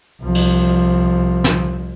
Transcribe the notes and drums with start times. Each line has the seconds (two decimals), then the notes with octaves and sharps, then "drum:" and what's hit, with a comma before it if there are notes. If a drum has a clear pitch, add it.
0.23 C2 F3
0.35 drum: cymbal
1.44 drum: snare